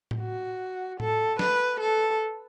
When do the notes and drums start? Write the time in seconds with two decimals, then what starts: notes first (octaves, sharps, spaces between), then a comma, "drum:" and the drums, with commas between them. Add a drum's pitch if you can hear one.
0.11 drum: tom A2
0.21 F#4
1.00 A4, drum: tom A2
1.39 B4, drum: snare
1.80 A4